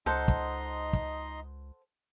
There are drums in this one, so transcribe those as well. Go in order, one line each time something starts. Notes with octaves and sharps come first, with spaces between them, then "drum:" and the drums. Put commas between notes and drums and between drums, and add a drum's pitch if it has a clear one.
C#2 D#4 A4 C5 D#5 F#5 C6
drum: kick
drum: kick